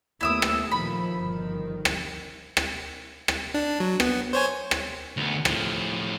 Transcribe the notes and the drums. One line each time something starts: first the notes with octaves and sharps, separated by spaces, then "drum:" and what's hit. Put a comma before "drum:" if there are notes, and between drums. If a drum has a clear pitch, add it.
D#2 A3 B3 E4 E5 D#6
drum: rim click
A#2 D#3 F3 B5
G1 D#3 F3
drum: rim click
drum: rim click
drum: rim click
D4
F#3
B3, drum: rim click
C5 C#5 G#5
drum: rim click
D2 B3
A2 F3, drum: rim click